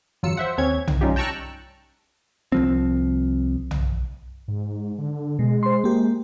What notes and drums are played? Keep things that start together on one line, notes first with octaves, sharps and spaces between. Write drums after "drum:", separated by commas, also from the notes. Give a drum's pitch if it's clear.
G1 E2 F#3 F4 E6 C#7
C5 E5 F#5
D#2 C4 C#4 C#5 G#6
D#3, drum: tom
G3 C#4 D#4 F4 G4
G5 A5 A#5 C#6 E6 F#6
C2 F3 C4
drum: tom
G#2
D3
B2 G#3
C5 C6
A#3 G4